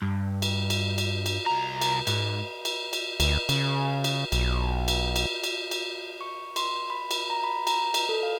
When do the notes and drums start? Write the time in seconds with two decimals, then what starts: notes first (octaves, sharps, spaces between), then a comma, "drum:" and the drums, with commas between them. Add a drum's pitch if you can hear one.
0.02 G2
0.42 drum: cymbal
0.70 drum: cymbal
0.98 drum: cymbal
1.26 drum: cymbal
1.46 C2 A#5
1.81 drum: cymbal
2.07 G#2, drum: cymbal
2.65 drum: cymbal
2.93 drum: cymbal
3.20 D2, drum: cymbal
3.49 C#3, drum: cymbal
4.04 drum: cymbal
4.32 B1, drum: cymbal
4.88 drum: cymbal
5.16 drum: cymbal
5.44 drum: cymbal
5.71 drum: cymbal
6.21 C#6
6.56 C6, drum: cymbal
6.90 B5
7.11 drum: cymbal
7.30 A#5
7.44 B5
7.67 A#5, drum: cymbal
7.94 drum: cymbal
8.09 A4
8.23 F5